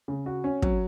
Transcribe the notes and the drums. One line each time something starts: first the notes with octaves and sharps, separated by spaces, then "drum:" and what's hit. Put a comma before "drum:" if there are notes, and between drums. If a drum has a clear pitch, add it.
C#3
F#4
C#4
F#3, drum: kick